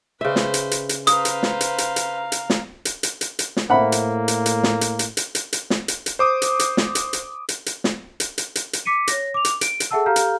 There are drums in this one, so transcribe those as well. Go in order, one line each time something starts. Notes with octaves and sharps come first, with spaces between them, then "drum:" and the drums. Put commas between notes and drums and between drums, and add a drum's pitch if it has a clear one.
C#3 B4 C5 E5
drum: snare
drum: hi-hat
drum: hi-hat
drum: hi-hat
B4 C5 F5 A#5 D#6, drum: hi-hat
drum: hi-hat
drum: snare
drum: hi-hat
drum: hi-hat
drum: hi-hat
drum: hi-hat
drum: snare
drum: hi-hat
drum: hi-hat
drum: hi-hat
drum: hi-hat
drum: snare
A2 A#3 C5 E5 F#5 B5
drum: hi-hat
drum: hi-hat
drum: hi-hat
drum: snare
drum: hi-hat
drum: hi-hat
drum: hi-hat
drum: hi-hat
drum: hi-hat
drum: snare
drum: hi-hat
drum: hi-hat
C5 D6 D#6
drum: hi-hat
drum: hi-hat
drum: snare
drum: hi-hat
drum: hi-hat
drum: hi-hat
drum: hi-hat
drum: snare
drum: hi-hat
drum: hi-hat
drum: hi-hat
drum: hi-hat
D6 B6 C#7 D#7
C#5 A#6, drum: hi-hat
D6 F7
drum: hi-hat
D7, drum: hi-hat
drum: hi-hat
G#4 A4 E5 F#5 A5 E6
G4 A4 F5 A#5 F6 G6
drum: hi-hat